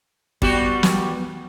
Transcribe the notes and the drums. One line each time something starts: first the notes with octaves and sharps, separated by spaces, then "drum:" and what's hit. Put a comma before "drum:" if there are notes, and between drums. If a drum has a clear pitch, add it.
G3 B3 F#4 G4, drum: kick
drum: snare